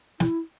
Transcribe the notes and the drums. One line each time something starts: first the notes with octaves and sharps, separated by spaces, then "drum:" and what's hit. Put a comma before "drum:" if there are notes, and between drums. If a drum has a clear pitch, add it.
E4, drum: snare